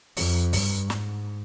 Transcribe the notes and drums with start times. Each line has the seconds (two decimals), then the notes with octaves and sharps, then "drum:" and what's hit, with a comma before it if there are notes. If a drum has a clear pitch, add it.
0.17 F2, drum: open hi-hat
0.53 G2, drum: kick, open hi-hat
0.90 G#2, drum: snare